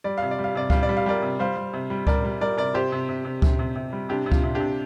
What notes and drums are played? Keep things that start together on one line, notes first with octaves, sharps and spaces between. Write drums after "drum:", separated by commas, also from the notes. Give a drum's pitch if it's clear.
G3 D5
C3 F5
D5
G3
F5
C3 D5
G3 F5, drum: kick C#2
D5
G3
F5
G3 A#4 D5
C3
G3 C5 F5
G3
C3
G3
G3 A#4 D5, drum: kick C#2
G3
G3 A#4 D5
C3 A#4 D5
C3 G4 C5
C3
C3
C3
C3, drum: kick C#2
C3
C3
G3
C3 D4 G4
C3
F4, drum: kick C#2
C3
D4 G4
C3